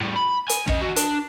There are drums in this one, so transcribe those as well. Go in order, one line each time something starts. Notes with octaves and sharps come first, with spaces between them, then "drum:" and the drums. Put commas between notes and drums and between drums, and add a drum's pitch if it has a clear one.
A2 G3
B5
G#5, drum: hi-hat
C#4 D#5, drum: kick
E3 F#4
D4, drum: hi-hat